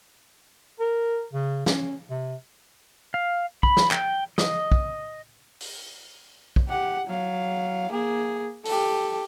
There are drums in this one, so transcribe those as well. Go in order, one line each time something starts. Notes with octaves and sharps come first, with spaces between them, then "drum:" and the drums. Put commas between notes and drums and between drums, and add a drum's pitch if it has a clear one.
A#4
C#3
C#4, drum: snare
C3
F5
B5, drum: kick
drum: snare
G5, drum: clap
D#5, drum: snare
drum: kick
drum: open hi-hat
drum: kick
G4 F#5
F#3 F5
A#3 G#4
G4 A4, drum: open hi-hat